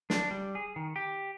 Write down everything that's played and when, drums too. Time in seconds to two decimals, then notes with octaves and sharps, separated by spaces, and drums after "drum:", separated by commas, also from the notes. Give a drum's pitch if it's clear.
0.10 D4, drum: snare
0.31 G3
0.55 G#4
0.76 D#3
0.96 G4